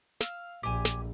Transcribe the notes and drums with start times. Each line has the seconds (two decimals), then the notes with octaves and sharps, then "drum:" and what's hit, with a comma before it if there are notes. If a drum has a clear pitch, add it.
0.21 F5 E6, drum: snare
0.63 A#1 G4 G#5
0.85 drum: snare